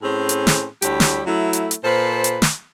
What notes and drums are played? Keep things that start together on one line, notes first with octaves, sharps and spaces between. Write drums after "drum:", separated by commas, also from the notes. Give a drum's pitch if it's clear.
A2 C4 C#4 G#4
drum: hi-hat
drum: snare
D2 G3 E4 G4 C#5, drum: hi-hat
drum: snare
F#3 A3 E4
drum: hi-hat
drum: hi-hat
A#2 A4 B4 C5
drum: hi-hat
drum: snare